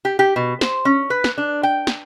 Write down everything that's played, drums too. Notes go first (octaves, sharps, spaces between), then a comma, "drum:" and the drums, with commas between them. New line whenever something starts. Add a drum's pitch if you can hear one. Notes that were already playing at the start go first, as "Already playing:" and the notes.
G4
G4
B2
C5, drum: snare
C#4
B4
drum: snare
D4
G5
drum: snare